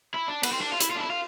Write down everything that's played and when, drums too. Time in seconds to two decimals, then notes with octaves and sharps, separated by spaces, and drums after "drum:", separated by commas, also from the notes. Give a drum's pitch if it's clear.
0.14 E4
0.28 D4
0.43 B3, drum: cymbal
0.52 C4
0.61 D4
0.72 F4
0.81 E4, drum: hi-hat
0.90 F4
0.96 D4
0.99 E4
1.10 F4